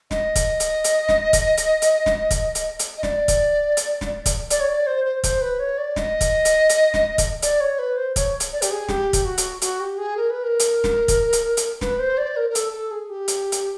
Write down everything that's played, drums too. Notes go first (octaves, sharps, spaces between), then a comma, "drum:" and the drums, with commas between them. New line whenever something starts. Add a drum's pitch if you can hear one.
D#5, drum: snare
drum: kick, hi-hat
drum: hi-hat
drum: hi-hat
drum: snare
drum: kick, hi-hat
drum: hi-hat
drum: hi-hat
drum: snare
drum: kick, hi-hat
drum: hi-hat
drum: hi-hat
D#5
D5, drum: snare
drum: kick, hi-hat
drum: hi-hat
drum: snare
drum: kick, hi-hat
D5, drum: hi-hat
C#5
D5
C5
C5
C5, drum: kick, hi-hat
B4
C#5
D5
D#5, drum: snare
drum: kick, hi-hat
drum: hi-hat
drum: hi-hat
drum: snare
drum: kick, hi-hat
D5, drum: hi-hat
C#5
B4
C5
C#5, drum: kick, hi-hat
drum: hi-hat
D5
G4, drum: hi-hat
G#4
G4, drum: snare
drum: kick, hi-hat
F#4
drum: hi-hat
F#4, drum: hi-hat
G4
G#4
A#4
B4
A#4
drum: hi-hat
drum: snare
drum: kick, hi-hat
drum: hi-hat
drum: hi-hat
B4, drum: snare
C5
D5
A#4
A#4
A4, drum: hi-hat
A4
G#4
G4
drum: hi-hat
drum: hi-hat